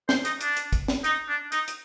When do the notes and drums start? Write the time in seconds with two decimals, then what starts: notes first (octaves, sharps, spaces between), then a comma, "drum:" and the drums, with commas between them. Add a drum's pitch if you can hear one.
0.09 C5, drum: snare
0.25 D#4, drum: hi-hat
0.41 D4, drum: hi-hat
0.57 drum: hi-hat
0.73 drum: kick, hi-hat
0.88 drum: snare
1.04 D#4, drum: hi-hat
1.28 D4
1.52 D#4, drum: hi-hat
1.68 drum: hi-hat